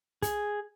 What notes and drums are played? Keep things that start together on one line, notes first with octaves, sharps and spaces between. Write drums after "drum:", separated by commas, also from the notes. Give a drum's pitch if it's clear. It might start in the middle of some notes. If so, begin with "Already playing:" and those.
G#4, drum: kick, hi-hat